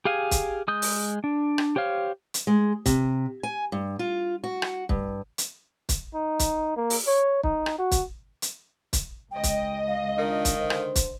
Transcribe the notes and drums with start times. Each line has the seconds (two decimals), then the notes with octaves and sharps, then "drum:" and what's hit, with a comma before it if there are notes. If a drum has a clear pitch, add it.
0.05 G4 G#4 F5 G#5
0.31 drum: kick, hi-hat
0.68 G#3 D#6 G6
0.82 drum: open hi-hat
1.24 D4
1.58 drum: rim click
1.76 G4 C5 C#5 F5
2.34 drum: hi-hat
2.47 G#3
2.86 C3, drum: kick, hi-hat
3.43 G#5
3.72 G2
3.99 F4
4.44 F#4
4.62 drum: rim click
4.89 G2, drum: kick
5.38 drum: hi-hat
5.89 drum: kick, hi-hat
6.14 D#4
6.39 drum: kick, hi-hat
6.76 A#3
6.90 drum: open hi-hat
7.07 C#5
7.43 D#4, drum: kick
7.66 drum: rim click
7.78 F#4
7.91 drum: kick, hi-hat
8.42 drum: hi-hat
8.93 drum: kick, hi-hat
9.31 C#2 D#5 G5
9.43 drum: kick, hi-hat
9.87 F5
10.18 D#3 D4 F4 A#4
10.45 drum: kick, hi-hat
10.61 D3 C5
10.70 drum: rim click
10.95 drum: kick, hi-hat